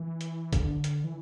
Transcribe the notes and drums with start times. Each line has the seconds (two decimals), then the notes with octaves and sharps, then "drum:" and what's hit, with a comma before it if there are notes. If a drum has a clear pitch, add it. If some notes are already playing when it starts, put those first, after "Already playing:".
Already playing: E3
0.21 drum: hi-hat
0.53 D3, drum: kick, hi-hat
0.84 drum: hi-hat
1.04 E3